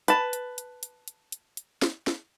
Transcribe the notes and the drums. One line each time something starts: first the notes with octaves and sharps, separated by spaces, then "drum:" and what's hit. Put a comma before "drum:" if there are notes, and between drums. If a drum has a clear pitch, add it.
B4 A5, drum: hi-hat
drum: hi-hat
drum: hi-hat
drum: hi-hat
drum: hi-hat
drum: hi-hat
drum: hi-hat
drum: snare
drum: snare